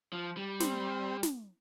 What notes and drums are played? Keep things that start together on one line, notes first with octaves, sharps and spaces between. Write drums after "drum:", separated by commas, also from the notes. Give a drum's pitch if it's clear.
F3
G3
C4, drum: snare
drum: snare